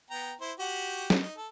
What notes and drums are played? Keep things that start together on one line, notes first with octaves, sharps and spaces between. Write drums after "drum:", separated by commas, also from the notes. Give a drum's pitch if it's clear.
B3 G5 A#5
E4 C5
F#4 G4 F#5
drum: snare
D#4
A4